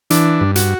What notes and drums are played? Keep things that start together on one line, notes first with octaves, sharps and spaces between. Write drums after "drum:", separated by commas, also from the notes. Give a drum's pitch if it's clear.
E3 D4, drum: hi-hat
G2
F#4, drum: hi-hat